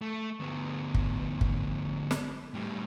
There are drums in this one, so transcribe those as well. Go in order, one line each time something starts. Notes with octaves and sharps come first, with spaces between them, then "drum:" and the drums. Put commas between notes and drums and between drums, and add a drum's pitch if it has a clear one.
A3
D2 B3
drum: kick
drum: kick
drum: snare
A2 G3